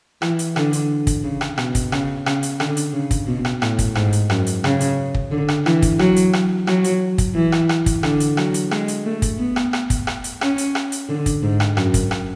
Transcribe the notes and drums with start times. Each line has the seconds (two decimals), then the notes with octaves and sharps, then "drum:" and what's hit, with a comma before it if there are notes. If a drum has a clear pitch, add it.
0.22 E3, drum: rim click
0.39 drum: hi-hat
0.56 D3, drum: rim click
0.73 drum: hi-hat
1.07 drum: kick, hi-hat
1.24 C#3
1.41 drum: rim click
1.58 B2, drum: rim click
1.75 drum: kick, hi-hat
1.92 C#3, drum: rim click
2.26 C#3, drum: rim click
2.43 drum: hi-hat
2.60 D3, drum: rim click
2.77 drum: hi-hat
2.93 C#3
3.11 drum: kick, hi-hat
3.27 B2
3.45 drum: rim click
3.62 A2, drum: rim click
3.79 drum: kick, hi-hat
3.95 G#2, drum: rim click
4.13 drum: hi-hat
4.30 F#2, drum: rim click
4.47 drum: hi-hat
4.64 C#3, drum: rim click
4.80 drum: hi-hat
5.14 drum: kick
5.32 D3
5.48 drum: rim click
5.66 E3, drum: rim click
5.82 drum: kick, hi-hat
5.99 F#3, drum: rim click
6.16 drum: hi-hat
6.33 drum: rim click
6.67 F#3, drum: rim click
6.84 drum: hi-hat
7.18 drum: kick, hi-hat
7.35 E3
7.52 drum: rim click
7.69 drum: rim click
7.86 drum: kick, hi-hat
8.03 D3, drum: rim click
8.20 drum: hi-hat
8.37 F#3, drum: rim click
8.54 drum: hi-hat
8.71 G#3, drum: rim click
8.88 drum: hi-hat
9.06 A3
9.22 drum: kick, hi-hat
9.39 B3
9.56 drum: rim click
9.73 drum: rim click
9.90 drum: kick, hi-hat
10.07 drum: rim click
10.24 drum: hi-hat
10.41 C#4, drum: rim click
10.58 drum: hi-hat
10.75 drum: rim click
10.92 drum: hi-hat
11.09 D3
11.26 drum: kick, hi-hat
11.43 G#2
11.60 drum: rim click
11.77 F#2, drum: rim click
11.94 drum: kick, hi-hat
12.11 drum: rim click